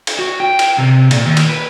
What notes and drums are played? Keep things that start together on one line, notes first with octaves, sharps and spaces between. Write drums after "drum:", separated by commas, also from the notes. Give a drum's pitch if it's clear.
drum: cymbal
F#4
G5
drum: cymbal
C3
A#2, drum: cymbal
D#2
drum: cymbal
B4